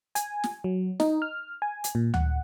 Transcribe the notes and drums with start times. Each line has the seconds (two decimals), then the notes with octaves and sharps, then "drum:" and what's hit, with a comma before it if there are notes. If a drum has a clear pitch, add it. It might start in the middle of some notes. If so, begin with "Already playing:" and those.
0.15 G#5, drum: hi-hat
0.44 drum: snare
0.64 F#3
1.00 D#4, drum: snare
1.22 F6
1.62 G#5
1.84 drum: hi-hat
1.95 A#2
2.14 F#5, drum: tom D2